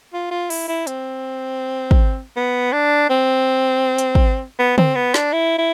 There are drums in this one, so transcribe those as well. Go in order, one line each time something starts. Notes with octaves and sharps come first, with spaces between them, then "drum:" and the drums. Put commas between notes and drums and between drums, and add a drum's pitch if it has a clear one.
F4
F4
E4, drum: open hi-hat
E4
C4, drum: hi-hat
drum: kick
B3
D4
C4
drum: hi-hat
drum: kick
B3
C4, drum: tom
B3
D4, drum: snare
E4
E4